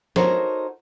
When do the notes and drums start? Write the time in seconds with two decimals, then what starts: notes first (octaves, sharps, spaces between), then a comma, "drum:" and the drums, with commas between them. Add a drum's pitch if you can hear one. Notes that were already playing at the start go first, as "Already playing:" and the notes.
0.16 D#4 F#4 A4 A#4 C5 C#5, drum: snare